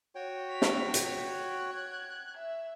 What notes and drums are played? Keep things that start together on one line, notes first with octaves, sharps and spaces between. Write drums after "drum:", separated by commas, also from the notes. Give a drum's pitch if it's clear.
F#4 C#5 G5
B6 F7
drum: snare
drum: hi-hat
F#6 G#6
E5